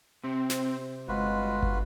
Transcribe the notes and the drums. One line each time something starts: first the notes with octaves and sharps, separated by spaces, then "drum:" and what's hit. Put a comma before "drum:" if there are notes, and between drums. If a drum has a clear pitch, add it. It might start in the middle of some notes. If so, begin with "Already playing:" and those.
C3 C4
drum: snare
G1 G#3 F4 F#4 B4
drum: kick